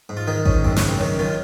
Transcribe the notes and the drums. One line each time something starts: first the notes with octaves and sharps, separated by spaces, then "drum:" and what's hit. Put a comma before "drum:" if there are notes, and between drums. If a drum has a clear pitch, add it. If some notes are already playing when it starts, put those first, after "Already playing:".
G#2
F4
D#3 D#4
G#2 C#4, drum: kick A1
F#2 C4
C#4, drum: snare
C#3
C4
D#3 C#4
D#3 F4